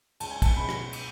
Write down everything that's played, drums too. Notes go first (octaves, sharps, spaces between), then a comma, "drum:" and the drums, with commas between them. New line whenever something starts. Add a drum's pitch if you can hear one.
C#2 A5, drum: cymbal
G#5
A5, drum: kick, cymbal
B2 G#3 C#4 B5
drum: rim click
drum: cymbal